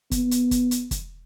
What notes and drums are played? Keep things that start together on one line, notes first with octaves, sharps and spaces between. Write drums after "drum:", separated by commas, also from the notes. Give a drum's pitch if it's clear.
B3, drum: kick, hi-hat
drum: hi-hat
drum: kick, hi-hat
drum: hi-hat
drum: kick, hi-hat